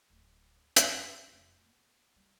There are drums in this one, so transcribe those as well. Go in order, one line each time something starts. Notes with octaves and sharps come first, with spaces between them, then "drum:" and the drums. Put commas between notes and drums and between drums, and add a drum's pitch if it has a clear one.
D1
F#2, drum: hi-hat
F1 C#4
B3
G3